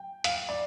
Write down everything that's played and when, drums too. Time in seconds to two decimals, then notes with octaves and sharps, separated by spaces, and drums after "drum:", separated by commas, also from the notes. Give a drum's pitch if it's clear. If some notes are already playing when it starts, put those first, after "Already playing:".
Already playing: G5
0.24 F5, drum: hi-hat
0.49 D5